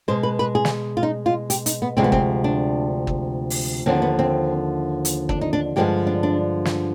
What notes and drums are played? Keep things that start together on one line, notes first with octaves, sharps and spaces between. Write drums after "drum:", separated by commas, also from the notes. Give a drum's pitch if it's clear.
B2 G#3 C5
B4
B4
G#4
drum: snare
F4
D#4
F4
G4, drum: hi-hat
D#4, drum: hi-hat
B3
D2 C3 F3 G#3 C4
B3
C4, drum: kick
D4
drum: kick
drum: open hi-hat
D#2 D3 F3 C4
B3
C4
drum: hi-hat
D4, drum: kick
D#4
D4
G2 D3 F3 G#3 G4
D4
D4
drum: snare